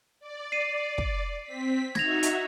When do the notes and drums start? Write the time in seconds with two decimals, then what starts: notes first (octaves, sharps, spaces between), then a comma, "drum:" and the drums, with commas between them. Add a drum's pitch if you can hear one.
0.20 D5
0.52 C7 D#7
0.98 drum: kick
1.44 C4 B6
1.95 D#4 F#4 E5 G#6 A#6 F7, drum: snare
2.23 drum: hi-hat